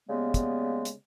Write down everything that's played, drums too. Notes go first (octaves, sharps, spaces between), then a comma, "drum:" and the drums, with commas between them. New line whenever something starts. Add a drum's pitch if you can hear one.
C#3 G3 G#3 A#3 B3
drum: kick, hi-hat
drum: hi-hat